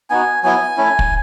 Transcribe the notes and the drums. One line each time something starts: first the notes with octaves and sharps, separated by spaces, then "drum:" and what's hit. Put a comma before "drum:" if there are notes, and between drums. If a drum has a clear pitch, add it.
B3 D#4 F#4 G#5
F#3 B3 E4 G#5
A3 C#4 E4
drum: kick